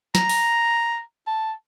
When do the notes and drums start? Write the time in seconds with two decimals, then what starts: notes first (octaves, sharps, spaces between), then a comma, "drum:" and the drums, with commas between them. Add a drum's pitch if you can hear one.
0.15 A#5, drum: snare
0.29 drum: open hi-hat
1.27 A5